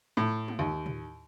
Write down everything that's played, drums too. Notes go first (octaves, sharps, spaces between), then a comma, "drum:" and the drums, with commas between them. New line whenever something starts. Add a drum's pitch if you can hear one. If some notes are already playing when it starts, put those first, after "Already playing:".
A2
drum: tom G#3
D#2
drum: tom A2